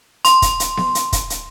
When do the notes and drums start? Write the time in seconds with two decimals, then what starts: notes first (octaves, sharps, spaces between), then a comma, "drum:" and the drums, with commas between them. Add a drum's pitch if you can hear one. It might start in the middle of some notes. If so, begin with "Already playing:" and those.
0.25 C6, drum: hi-hat
0.42 drum: kick, hi-hat
0.60 drum: hi-hat
0.77 drum: snare B3
0.95 drum: hi-hat
1.13 drum: kick, hi-hat
1.30 drum: hi-hat